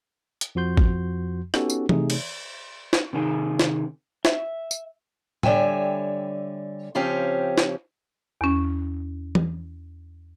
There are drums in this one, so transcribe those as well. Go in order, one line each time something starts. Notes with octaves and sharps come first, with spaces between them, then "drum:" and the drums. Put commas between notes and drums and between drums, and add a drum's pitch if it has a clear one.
drum: hi-hat
F2 F3 F#4 C6 G6
drum: kick G#1
B3 C#4 D#4 F#4 G4 A4, drum: rim click
drum: tambourine
C3 A3 D#4 G#4, drum: tom E3
drum: cymbal
drum: snare
C3 D#3 G#4
drum: snare
E5, drum: snare
drum: tambourine
D3 G3 C#5 E5 G5 G#5, drum: tom A2
C#3 F3 C4 C#4 G4
drum: snare
E2 C#4
drum: tom E3